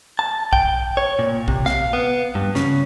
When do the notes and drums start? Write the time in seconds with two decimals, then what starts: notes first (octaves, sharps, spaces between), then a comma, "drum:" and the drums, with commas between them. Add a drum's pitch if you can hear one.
0.19 A5
0.53 G5, drum: kick A#1
0.97 C#5
1.19 A#2
1.48 C3, drum: kick A#1
1.66 F5, drum: snare
1.93 B3
2.35 G2
2.55 C#3, drum: snare